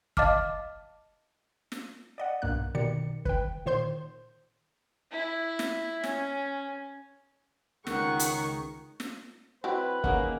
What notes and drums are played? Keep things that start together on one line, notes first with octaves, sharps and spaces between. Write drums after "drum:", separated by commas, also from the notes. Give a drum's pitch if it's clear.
D#5 F5 A5 D6 F6, drum: kick
drum: snare
D5 D#5 F#5
B1 G2 A#3 F#6
B2 D#3 G4 D5 C#7
B4 G5, drum: kick
A#2 D#3 C5 C6 G6
E4
drum: snare
C#4, drum: snare
C#2 D#3 F#5 C#6, drum: snare
drum: hi-hat
drum: snare
F#3 C4 E4 F#4 G4 B4
A#3 C#4 D#4 G#4 F#5, drum: kick